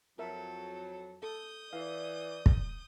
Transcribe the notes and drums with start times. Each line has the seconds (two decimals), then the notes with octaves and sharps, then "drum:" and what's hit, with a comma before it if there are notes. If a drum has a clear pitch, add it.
0.19 F2 F#3 A4 A#4 E5
1.23 A4 D#6 G6
1.73 E3 D5 F5
2.46 drum: kick